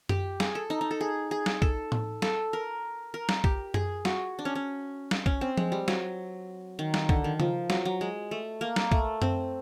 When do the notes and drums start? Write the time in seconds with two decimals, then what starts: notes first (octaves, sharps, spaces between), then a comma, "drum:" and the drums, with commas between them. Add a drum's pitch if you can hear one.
0.09 G4, drum: tom F#2
0.40 G#4, drum: snare
0.55 A4
0.70 D#4
0.81 D#4
0.91 A4
1.01 G#4
1.31 G#4
1.46 drum: snare
1.62 A4, drum: kick
1.92 drum: tom A2
2.22 A4, drum: snare
2.53 A#4
3.14 A#4
3.29 drum: snare
3.44 G4, drum: kick
3.74 G#4, drum: tom F#2
4.05 F#4, drum: snare
4.39 D4
4.45 C#4
4.55 C#4
5.11 drum: snare
5.26 C#4, drum: kick
5.41 C4
5.58 G#3, drum: tom F3
5.72 G3
5.88 F#3, drum: snare
6.79 D#3
6.94 drum: snare
7.09 D3, drum: kick
7.24 D#3
7.40 F3, drum: tom C#3
7.70 F#3, drum: snare
7.85 F#3
8.01 G#3
8.31 A3
8.61 A#3
8.76 drum: snare
8.92 A3, drum: kick
9.22 C4, drum: tom F#2